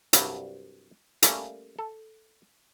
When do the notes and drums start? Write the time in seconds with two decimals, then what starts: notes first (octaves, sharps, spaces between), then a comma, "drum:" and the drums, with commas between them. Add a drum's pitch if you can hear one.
0.13 C2 G2 F#3 G3, drum: hi-hat
1.22 G3 A3 A#3 C#4, drum: hi-hat
1.79 A4